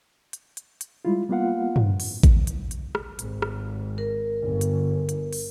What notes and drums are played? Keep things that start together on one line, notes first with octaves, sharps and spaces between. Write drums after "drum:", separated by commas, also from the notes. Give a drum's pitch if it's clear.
drum: hi-hat
drum: hi-hat
drum: hi-hat
G3 G#3 E4 F4
G3 A#3 B3 F4 F5 F#5
drum: tom
drum: open hi-hat
drum: kick A1, hi-hat
drum: hi-hat
drum: hi-hat
drum: rim click
G#1, drum: hi-hat
drum: rim click
A#4
G1
drum: hi-hat
drum: hi-hat
drum: open hi-hat